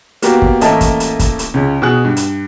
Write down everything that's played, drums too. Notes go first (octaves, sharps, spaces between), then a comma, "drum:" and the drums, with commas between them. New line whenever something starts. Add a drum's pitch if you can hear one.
A#3 B3 F#4 G4, drum: hi-hat
drum: kick
A1 A3 A#3 D#5 E5 A5, drum: hi-hat
drum: kick, hi-hat
drum: hi-hat
drum: kick, hi-hat
drum: hi-hat
C#2 C#3
B2 G#4 F#6
G2
drum: hi-hat